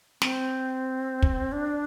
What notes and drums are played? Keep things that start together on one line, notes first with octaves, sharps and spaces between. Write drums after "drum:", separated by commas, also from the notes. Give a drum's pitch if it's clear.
C4, drum: snare
drum: kick
D4